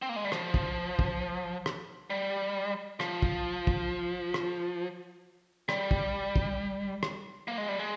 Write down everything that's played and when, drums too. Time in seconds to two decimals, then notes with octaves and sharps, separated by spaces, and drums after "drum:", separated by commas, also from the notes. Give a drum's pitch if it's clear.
0.02 C4
0.09 A#3
0.16 G#3
0.24 G3
0.32 F3, drum: rim click
0.54 drum: kick
0.99 drum: kick
1.66 drum: rim click
2.10 G3
3.00 F3, drum: rim click
3.22 drum: kick
3.67 drum: kick
4.34 drum: rim click
5.69 G3, drum: rim click
5.91 drum: kick
6.36 drum: kick
7.03 drum: rim click
7.48 A#3
7.58 G#3
7.69 G3
7.79 G#3